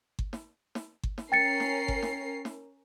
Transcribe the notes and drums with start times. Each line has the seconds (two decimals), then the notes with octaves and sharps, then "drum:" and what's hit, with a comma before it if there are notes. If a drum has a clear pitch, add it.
0.19 drum: kick G1
0.33 drum: snare
0.75 drum: snare
1.03 drum: kick G1
1.18 drum: snare
1.32 C#4 A#4 G5 A6 C7 C#7
1.60 drum: snare
1.88 drum: kick G1
2.02 drum: snare
2.45 drum: snare